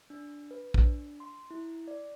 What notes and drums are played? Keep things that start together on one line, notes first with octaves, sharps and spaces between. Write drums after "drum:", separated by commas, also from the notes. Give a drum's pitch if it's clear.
D4
B4
D4, drum: kick
C6
E4
D5